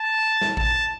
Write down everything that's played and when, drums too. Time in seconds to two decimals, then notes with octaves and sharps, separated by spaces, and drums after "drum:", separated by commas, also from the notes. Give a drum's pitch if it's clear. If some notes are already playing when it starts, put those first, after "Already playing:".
Already playing: A5
0.41 drum: snare
0.57 A5, drum: kick A1